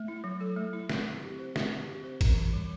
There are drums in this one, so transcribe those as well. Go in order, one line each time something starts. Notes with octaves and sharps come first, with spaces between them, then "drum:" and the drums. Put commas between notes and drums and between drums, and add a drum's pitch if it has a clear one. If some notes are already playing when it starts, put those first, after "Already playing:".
Already playing: A3
E4
F#3
A4
A3
E4
C4, drum: snare
C4
G4
C5
C4, drum: snare
C4
G4
C5
E3, drum: kick, cymbal
E3
G3